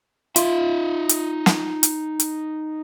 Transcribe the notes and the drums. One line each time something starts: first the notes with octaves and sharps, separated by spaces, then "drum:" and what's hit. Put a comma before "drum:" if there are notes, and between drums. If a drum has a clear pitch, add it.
D#4 F4 E5, drum: hi-hat
drum: hi-hat
drum: snare
drum: hi-hat
drum: hi-hat